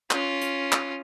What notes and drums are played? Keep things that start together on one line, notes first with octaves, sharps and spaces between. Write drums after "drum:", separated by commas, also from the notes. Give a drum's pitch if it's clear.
C#4 F4, drum: clap
drum: hi-hat
drum: clap